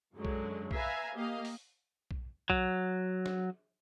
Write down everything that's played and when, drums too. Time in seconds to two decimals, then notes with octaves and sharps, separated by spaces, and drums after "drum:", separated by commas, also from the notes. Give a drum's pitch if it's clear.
0.14 F#2 D3 F#3 G#3
0.25 drum: kick B1
0.71 B4 E5 F5 G#5 A#5, drum: kick B1
1.14 A#3 G4 D#5 F5
1.45 drum: open hi-hat
2.11 drum: kick B1
2.50 F#3, drum: kick B1
3.26 drum: snare